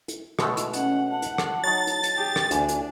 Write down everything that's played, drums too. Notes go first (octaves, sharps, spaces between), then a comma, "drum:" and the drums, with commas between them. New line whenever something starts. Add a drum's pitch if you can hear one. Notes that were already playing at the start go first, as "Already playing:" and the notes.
drum: hi-hat
B2 G#3 A3, drum: rim click
drum: hi-hat
C#4 F#5, drum: hi-hat
F#5 A5
drum: hi-hat
drum: rim click
F#3 D#4 A6
drum: hi-hat
drum: hi-hat
G4 G#4
drum: rim click
D2 D4 G#5, drum: hi-hat
drum: hi-hat